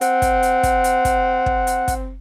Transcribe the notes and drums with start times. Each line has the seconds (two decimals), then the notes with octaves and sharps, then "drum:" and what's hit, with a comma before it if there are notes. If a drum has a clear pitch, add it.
0.01 C4 F#5, drum: hi-hat
0.22 drum: kick, hi-hat
0.43 drum: hi-hat
0.63 drum: kick, hi-hat
0.84 drum: hi-hat
1.05 drum: kick, hi-hat
1.46 drum: kick
1.67 drum: hi-hat
1.88 drum: kick, hi-hat